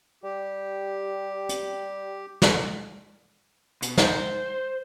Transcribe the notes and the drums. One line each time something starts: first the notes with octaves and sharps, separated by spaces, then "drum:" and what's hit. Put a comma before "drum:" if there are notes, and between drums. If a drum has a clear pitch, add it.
G3 G4
drum: hi-hat
drum: snare
B2, drum: hi-hat
C5, drum: snare